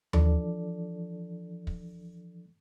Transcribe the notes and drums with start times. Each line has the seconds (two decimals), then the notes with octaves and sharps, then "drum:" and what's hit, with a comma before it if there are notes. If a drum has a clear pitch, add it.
0.13 E3 F3 D4 A4 D5, drum: tom D#2
1.67 drum: kick